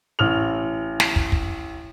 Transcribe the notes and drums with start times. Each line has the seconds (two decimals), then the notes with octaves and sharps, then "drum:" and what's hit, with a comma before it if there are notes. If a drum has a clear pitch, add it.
0.19 A1 F6 F7
1.00 drum: snare
1.16 drum: kick
1.32 drum: kick